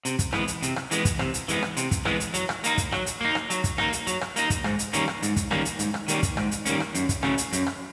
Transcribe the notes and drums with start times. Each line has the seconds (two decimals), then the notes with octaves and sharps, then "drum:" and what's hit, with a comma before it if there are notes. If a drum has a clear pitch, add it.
0.05 C3, drum: hi-hat
0.19 drum: kick, hi-hat
0.33 E3 G#3 B3, drum: rim click
0.48 drum: hi-hat
0.62 C3, drum: hi-hat
0.76 drum: rim click
0.91 E3 G#3 B3, drum: hi-hat
1.05 drum: kick, hi-hat
1.19 C3, drum: rim click
1.34 drum: hi-hat
1.48 E3 G#3 B3, drum: hi-hat
1.63 drum: rim click
1.77 C3, drum: hi-hat
1.91 drum: kick, hi-hat
2.05 E3 G#3 B3, drum: rim click
2.20 drum: hi-hat
2.34 F#3, drum: hi-hat
2.49 drum: rim click
2.64 A#3 D#4, drum: hi-hat
2.78 drum: kick, hi-hat
2.92 F#3, drum: rim click
3.06 drum: hi-hat
3.21 A#3 D#4
3.35 drum: rim click
3.50 F#3, drum: hi-hat
3.64 drum: kick, hi-hat
3.78 A#3 D#4, drum: rim click
3.93 drum: hi-hat
4.07 F#3, drum: hi-hat
4.21 drum: rim click
4.36 A#3 D#4, drum: hi-hat
4.50 drum: kick, hi-hat
4.64 G#2, drum: rim click
4.79 drum: hi-hat
4.93 D#3 G3 A#3 C#4, drum: hi-hat
5.08 drum: rim click
5.23 G#2, drum: hi-hat
5.36 drum: kick, hi-hat
5.51 D#3 G3 A#3 C#4, drum: rim click
5.65 drum: hi-hat
5.79 G#2, drum: hi-hat
5.94 drum: rim click
6.08 D#3 G3 A#3 C#4, drum: hi-hat
6.23 drum: kick, hi-hat
6.37 G#2, drum: rim click
6.51 drum: hi-hat
6.65 D#3 G3 A#3 C#4, drum: hi-hat
6.80 drum: rim click
6.95 F#2, drum: hi-hat
7.09 drum: kick, hi-hat
7.23 C#3 F#3 A3 C#4, drum: rim click
7.38 drum: hi-hat
7.53 F#2, drum: hi-hat
7.66 drum: rim click